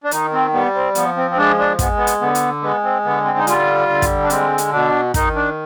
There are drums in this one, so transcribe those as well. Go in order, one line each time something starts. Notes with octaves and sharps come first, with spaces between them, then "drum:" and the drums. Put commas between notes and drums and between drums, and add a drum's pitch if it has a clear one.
D4
D#3 D#4, drum: hi-hat
C4
G3 B3
C4
F3 B3, drum: hi-hat
C4
C4
G#3 D4
D4
G#3 B3, drum: kick, hi-hat
B3
drum: hi-hat
D3 B3
drum: hi-hat
G#3 B3
C4
D3 B3
C4
D#4
G3 F4, drum: hi-hat
D3
drum: kick, hi-hat
D4
G#3 C4, drum: hi-hat
drum: hi-hat
B2 D4
D#3 D#4, drum: kick, hi-hat
D4